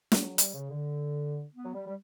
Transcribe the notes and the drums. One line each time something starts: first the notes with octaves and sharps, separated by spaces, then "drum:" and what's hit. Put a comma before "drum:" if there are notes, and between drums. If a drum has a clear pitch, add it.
drum: snare
F#3
G3, drum: hi-hat
C#3
D3
B3
F#3
G3
G3